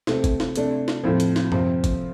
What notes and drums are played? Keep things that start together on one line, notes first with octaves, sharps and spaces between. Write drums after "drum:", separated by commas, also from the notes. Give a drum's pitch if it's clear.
C3 A3 C4, drum: snare
drum: kick F#1, hi-hat
drum: snare
C3 A3 D4, drum: hi-hat
drum: snare
A2 F3 C4
drum: hi-hat
drum: snare
C3 F3 C4, drum: tom F#2
drum: kick F#1, hi-hat